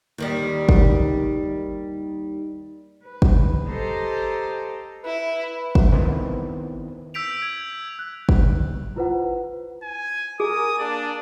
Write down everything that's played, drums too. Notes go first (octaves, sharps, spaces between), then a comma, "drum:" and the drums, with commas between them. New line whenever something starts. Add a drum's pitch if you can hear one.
D#2 D#3 G3
drum: kick
B4
drum: kick
G4 A4 C5 D#5 A#5 C6
E4 B4
drum: kick
D#3 B3 C4 E4 B4
E6 G6 B6 D7 F7
G#6
F#6
drum: kick
E4 F4 B4 C5 F#5
G#5
G#4 A#4 G#5 D#6
A#3 D4 D5